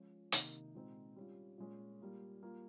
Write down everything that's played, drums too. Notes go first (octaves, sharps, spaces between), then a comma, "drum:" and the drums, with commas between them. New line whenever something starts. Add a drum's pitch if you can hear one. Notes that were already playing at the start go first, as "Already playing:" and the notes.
Already playing: F3 G#3 C#4 F4
C3 D#3 A#3 D#4, drum: hi-hat
A#2 G#3 C4 D#4
G3 C#4 F4
A#2 G#3 C#4
G3 A#3 F4
G3 A#3 F4